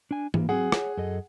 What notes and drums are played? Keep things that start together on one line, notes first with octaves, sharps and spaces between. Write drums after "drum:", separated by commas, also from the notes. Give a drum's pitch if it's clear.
D4 G#5
E3 A#3, drum: tom
F#3 C4 G#4 F#5
C#5, drum: rim click
F#2 A4 D#5